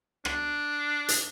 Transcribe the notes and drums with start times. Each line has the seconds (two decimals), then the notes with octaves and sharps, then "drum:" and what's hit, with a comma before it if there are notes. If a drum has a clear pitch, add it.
0.25 D4, drum: rim click
1.08 drum: hi-hat